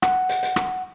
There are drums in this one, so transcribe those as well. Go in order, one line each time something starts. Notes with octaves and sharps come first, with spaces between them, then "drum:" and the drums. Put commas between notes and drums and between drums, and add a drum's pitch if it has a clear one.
F#5, drum: rim click
drum: hi-hat
drum: hi-hat
drum: rim click